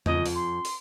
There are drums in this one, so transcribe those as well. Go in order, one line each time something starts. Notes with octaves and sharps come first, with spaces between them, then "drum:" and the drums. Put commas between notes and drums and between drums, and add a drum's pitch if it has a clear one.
F2 D#5, drum: tom E2
drum: open hi-hat
C6
drum: open hi-hat